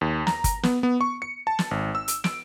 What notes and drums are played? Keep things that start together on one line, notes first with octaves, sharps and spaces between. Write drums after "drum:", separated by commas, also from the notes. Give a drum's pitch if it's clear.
D#2
A#5, drum: snare
drum: kick G1, hi-hat
B3, drum: snare
B3
C#6
C#7
A5
drum: snare
G#1
E6
drum: hi-hat
D7, drum: snare